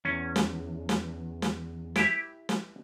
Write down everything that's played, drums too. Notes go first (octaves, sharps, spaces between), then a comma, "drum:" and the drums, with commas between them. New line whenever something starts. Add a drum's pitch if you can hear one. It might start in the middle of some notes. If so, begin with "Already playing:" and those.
E2 C#4
drum: snare
drum: snare
drum: snare
E4 G4 E5, drum: snare
drum: snare